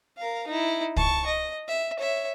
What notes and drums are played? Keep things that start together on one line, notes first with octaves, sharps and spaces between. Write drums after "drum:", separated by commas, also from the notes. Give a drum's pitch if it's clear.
A#4 F5
D#4 E4
A5 C#6, drum: kick
D#5
E5
C#5 E5